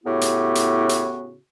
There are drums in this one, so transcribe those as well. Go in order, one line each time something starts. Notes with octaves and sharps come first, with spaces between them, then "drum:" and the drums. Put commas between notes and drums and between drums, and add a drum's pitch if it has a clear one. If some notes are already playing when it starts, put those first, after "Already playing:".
A2 C#3 B3 E4 F#4 G4
drum: hi-hat
drum: hi-hat
drum: hi-hat